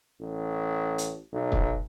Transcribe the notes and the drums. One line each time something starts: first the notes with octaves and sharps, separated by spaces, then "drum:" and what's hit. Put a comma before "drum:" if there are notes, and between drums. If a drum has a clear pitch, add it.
A1
drum: hi-hat
B1
drum: kick